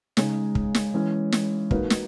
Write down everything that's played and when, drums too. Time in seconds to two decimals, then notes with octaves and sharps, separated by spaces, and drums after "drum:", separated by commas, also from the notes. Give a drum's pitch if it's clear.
0.17 C#3 G#3 D#4 G#4, drum: snare
0.55 drum: kick
0.75 drum: snare
0.94 E3 G#3 C#4
1.32 drum: snare
1.71 A#3 D#4 F#4 B4, drum: kick
1.90 drum: snare